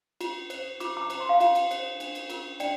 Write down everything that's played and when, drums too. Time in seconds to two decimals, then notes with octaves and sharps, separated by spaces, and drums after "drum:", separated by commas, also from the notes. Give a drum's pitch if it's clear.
0.21 F4, drum: cymbal
0.50 C5, drum: cymbal
0.80 F4 D6, drum: cymbal
0.97 A#5 D6
1.10 C5 A#5, drum: cymbal
1.20 C6
1.29 F5 A#5
1.40 F4, drum: cymbal
1.55 drum: cymbal
1.71 C5, drum: cymbal
2.00 D4, drum: cymbal
2.15 drum: cymbal
2.30 F4 A#4, drum: cymbal
2.60 D4 D5 G5, drum: cymbal